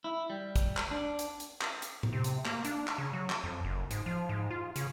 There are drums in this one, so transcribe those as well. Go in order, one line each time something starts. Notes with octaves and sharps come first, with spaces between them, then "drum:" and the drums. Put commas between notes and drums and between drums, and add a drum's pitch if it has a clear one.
E4
G3
drum: kick, hi-hat
drum: clap
D4
drum: hi-hat
drum: hi-hat
drum: clap
drum: hi-hat
drum: tom A2
C3
drum: hi-hat
A#3, drum: clap
D4, drum: hi-hat
drum: clap
C#3
F#3
drum: clap
F2
F#1
G#2, drum: hi-hat
F3
G#2
F4
C#3, drum: hi-hat